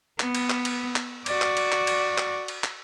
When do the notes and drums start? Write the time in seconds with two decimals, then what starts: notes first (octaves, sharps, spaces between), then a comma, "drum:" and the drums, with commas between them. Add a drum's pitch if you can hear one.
0.20 B3, drum: clap
0.35 drum: cymbal
0.50 drum: clap
0.65 drum: cymbal
0.96 drum: clap
1.26 F#4 D5, drum: cymbal
1.41 drum: clap
1.57 drum: cymbal
1.72 drum: clap
1.87 drum: cymbal
2.18 drum: clap
2.48 drum: cymbal
2.64 drum: clap